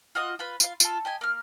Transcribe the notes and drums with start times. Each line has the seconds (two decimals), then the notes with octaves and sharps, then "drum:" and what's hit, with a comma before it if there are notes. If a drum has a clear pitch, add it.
0.15 F4 F#4 D#5 D#6
0.39 F4 B4 B5
0.60 F4 F5, drum: tambourine
0.80 F4 A4, drum: tambourine
1.05 G4 D#5 G#5
1.21 A#3 F6